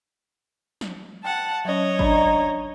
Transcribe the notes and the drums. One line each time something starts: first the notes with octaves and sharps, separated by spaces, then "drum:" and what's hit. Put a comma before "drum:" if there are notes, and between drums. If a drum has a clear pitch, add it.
drum: snare
F#5 G5 A5
F#3 C#4 C#5 D#5
D4 D#4 D5 B5, drum: kick